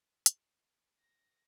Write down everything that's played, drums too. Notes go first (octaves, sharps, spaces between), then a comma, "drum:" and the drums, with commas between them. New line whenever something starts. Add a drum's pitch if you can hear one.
drum: hi-hat
A#6